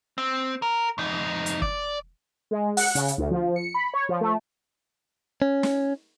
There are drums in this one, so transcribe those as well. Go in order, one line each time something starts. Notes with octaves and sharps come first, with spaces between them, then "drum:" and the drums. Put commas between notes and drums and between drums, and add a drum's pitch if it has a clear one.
C4
A#4
F2 D#4
drum: hi-hat
D5, drum: kick
G#3
F#5, drum: open hi-hat
C#3, drum: hi-hat
drum: hi-hat
D2
F3
C#7
B5
C#5
F3
A3
C#4
drum: snare